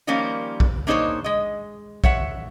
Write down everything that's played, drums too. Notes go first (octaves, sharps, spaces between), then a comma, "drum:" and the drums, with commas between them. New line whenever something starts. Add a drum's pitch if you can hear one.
D#3 F3 G3 A#3 C#4 F4
drum: kick A#1
A#3 D4 D#4 G#4 C5 C#5
G#3 D#5
C#5 E5 F#5, drum: kick A#1